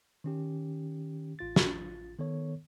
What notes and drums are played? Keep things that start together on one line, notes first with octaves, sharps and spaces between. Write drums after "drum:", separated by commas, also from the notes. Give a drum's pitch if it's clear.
D#3 C#4 G4
A1 F4 A6
drum: snare
D#3 B3 A4 C#5